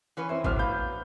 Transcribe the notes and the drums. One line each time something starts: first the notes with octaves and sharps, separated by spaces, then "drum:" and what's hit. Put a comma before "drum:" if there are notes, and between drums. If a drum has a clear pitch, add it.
E3 C#4 B4
C4 E4 C5
A2 F#3 B3 D4 C5 F6, drum: kick G#1
F5 B5 G6